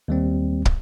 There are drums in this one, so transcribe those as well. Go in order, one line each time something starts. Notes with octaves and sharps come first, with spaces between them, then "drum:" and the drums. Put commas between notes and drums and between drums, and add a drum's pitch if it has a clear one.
D#2 G3 C4
drum: kick